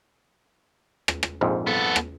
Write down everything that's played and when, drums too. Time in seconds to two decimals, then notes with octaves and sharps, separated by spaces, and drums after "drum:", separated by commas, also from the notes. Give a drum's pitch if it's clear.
1.08 drum: rim click
1.23 drum: rim click
1.41 A#1 F2 G#2
1.67 B3 A4
1.96 drum: rim click